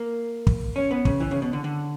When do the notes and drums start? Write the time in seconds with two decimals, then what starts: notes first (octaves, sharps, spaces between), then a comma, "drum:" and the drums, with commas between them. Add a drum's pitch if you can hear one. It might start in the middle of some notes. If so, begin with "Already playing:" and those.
Already playing: A#3
0.47 drum: kick
0.76 C#4
0.91 B3
1.05 C#3, drum: kick
1.20 E3
1.31 C#3
1.42 B2
1.53 D3
1.64 D3